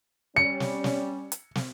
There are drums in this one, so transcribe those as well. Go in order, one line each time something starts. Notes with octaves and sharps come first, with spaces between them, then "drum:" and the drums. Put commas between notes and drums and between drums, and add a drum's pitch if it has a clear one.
G3 C#4 C#7
drum: snare
drum: snare
drum: hi-hat
drum: snare